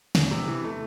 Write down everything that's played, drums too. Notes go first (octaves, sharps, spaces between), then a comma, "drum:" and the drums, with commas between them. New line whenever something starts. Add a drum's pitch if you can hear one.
E2, drum: snare
C3
E3
A3